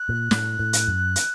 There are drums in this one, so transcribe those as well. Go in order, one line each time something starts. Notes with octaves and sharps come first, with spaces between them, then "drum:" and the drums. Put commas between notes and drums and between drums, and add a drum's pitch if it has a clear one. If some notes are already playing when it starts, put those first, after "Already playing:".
Already playing: F#6
A#2
A2, drum: snare
A2
drum: hi-hat
F#2
drum: hi-hat